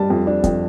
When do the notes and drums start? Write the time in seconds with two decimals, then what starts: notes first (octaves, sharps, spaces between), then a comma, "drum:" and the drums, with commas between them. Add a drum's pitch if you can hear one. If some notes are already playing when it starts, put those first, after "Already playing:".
Already playing: G3 D4 A5
0.10 F2
0.27 D4
0.44 F2, drum: kick, hi-hat